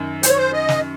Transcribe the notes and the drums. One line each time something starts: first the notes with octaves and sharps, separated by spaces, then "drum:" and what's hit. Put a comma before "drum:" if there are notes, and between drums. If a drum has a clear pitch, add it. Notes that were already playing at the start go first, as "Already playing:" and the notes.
Already playing: F#2 D#3
C5, drum: hi-hat
C#5
C5
D#5
drum: snare